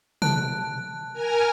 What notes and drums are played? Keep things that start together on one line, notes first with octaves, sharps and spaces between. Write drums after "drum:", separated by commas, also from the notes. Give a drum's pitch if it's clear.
A5 F#6, drum: tom
A#4 G#5 F6